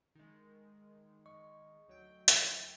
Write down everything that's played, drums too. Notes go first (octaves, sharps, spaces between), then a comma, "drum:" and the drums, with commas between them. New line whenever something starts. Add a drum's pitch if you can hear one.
D#3 G#3
D#5 C#6
D2 F#3 G5
drum: hi-hat